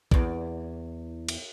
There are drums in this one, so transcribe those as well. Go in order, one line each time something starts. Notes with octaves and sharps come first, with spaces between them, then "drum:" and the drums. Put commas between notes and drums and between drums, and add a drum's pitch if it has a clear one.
E2 D5, drum: kick A#1
drum: cymbal